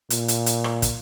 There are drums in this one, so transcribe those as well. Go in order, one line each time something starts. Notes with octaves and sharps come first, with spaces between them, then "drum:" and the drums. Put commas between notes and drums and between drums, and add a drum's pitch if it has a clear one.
A#2, drum: hi-hat
drum: hi-hat
drum: hi-hat
drum: rim click
drum: kick, hi-hat